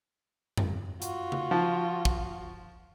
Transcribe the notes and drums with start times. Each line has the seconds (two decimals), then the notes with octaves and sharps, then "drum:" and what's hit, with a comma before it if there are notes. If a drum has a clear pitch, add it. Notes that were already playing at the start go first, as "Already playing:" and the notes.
0.57 drum: tom F2
1.02 F4 F#4, drum: hi-hat
1.32 drum: tom C#3
1.51 F3
2.05 drum: kick